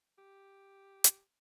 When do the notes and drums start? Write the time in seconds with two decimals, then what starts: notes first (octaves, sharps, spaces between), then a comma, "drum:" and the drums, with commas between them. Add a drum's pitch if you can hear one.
0.18 G4
1.04 drum: hi-hat